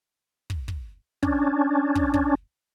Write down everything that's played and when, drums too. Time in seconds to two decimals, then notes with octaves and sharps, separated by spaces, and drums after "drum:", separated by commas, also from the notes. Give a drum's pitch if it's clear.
0.50 drum: kick
0.68 drum: kick
1.23 C#4 D4, drum: kick
1.95 drum: kick
2.14 drum: kick